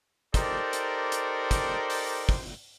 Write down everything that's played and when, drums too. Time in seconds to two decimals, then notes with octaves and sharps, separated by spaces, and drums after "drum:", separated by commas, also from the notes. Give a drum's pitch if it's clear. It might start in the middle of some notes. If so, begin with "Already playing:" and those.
0.34 D#4 G4 A4 A#4 C5 D5, drum: kick, hi-hat
0.73 drum: hi-hat
1.12 drum: hi-hat
1.51 drum: kick, hi-hat
1.90 drum: open hi-hat
2.29 drum: kick